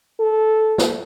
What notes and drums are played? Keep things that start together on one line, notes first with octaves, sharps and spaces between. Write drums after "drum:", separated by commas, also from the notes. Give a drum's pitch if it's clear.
A4
drum: snare